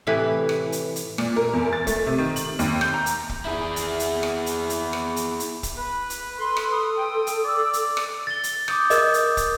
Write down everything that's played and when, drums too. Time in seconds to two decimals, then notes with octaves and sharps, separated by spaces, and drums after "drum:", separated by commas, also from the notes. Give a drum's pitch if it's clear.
0.07 A2 C3 E3 E4 B4
0.49 drum: rim click
0.72 drum: hi-hat
0.96 drum: hi-hat
1.18 A#2, drum: rim click
1.36 A#4
1.53 E2
1.73 A6
1.87 A3, drum: kick, hi-hat
2.06 C3
2.18 D#3
2.36 F#7, drum: hi-hat
2.59 D#2, drum: hi-hat
2.81 G6, drum: rim click
2.94 A#5
3.06 drum: hi-hat
3.29 drum: kick
3.45 E4 G#4
3.76 drum: hi-hat
3.99 drum: hi-hat
4.23 drum: rim click
4.46 drum: hi-hat
4.70 drum: hi-hat
4.93 drum: rim click
5.16 drum: hi-hat
5.40 drum: hi-hat
5.63 drum: kick, hi-hat
5.78 B4
6.10 drum: hi-hat
6.38 A4 C6
6.57 drum: rim click
6.73 D#6
6.96 G5
7.27 drum: hi-hat
7.44 D5 E6
7.73 drum: hi-hat
7.97 drum: rim click
8.27 A6 G7
8.44 drum: hi-hat
8.68 D6 D#6 G6, drum: rim click
8.90 A#4 D#5, drum: hi-hat
9.14 drum: hi-hat
9.37 drum: kick, hi-hat